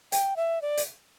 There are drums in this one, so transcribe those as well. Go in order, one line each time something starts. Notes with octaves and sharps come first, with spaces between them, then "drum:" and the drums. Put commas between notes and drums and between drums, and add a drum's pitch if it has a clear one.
G5, drum: hi-hat
E5
D5
drum: hi-hat